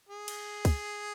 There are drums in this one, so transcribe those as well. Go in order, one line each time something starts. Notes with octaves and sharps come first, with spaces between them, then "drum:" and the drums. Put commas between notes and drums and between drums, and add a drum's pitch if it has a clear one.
G#4
drum: cymbal
drum: kick, cymbal